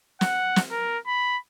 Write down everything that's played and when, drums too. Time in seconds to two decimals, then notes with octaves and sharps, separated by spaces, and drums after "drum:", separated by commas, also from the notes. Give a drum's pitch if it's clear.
0.21 F#5, drum: snare
0.56 drum: snare
0.71 A#4
1.06 B5